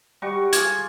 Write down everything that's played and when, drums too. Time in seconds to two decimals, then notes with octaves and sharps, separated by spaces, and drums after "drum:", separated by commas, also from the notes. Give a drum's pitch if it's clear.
0.22 G3 F#4 C#6
0.53 F4 G#4 D6 G#6, drum: hi-hat